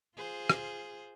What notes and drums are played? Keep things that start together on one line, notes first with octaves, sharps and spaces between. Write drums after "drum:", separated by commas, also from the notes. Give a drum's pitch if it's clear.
F4 G#4 C5
drum: rim click